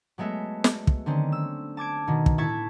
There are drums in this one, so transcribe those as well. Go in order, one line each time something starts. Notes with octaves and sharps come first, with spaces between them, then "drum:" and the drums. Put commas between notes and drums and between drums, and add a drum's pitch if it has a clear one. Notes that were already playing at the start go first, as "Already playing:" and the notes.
F#3 G#3 A3 B3 E5
drum: snare
drum: kick
D3 D#3 C4 C#4
E6
A5 D6 G#6 D7
B2 D#3
drum: kick
A2 E4 E5 A5 C#6 G#6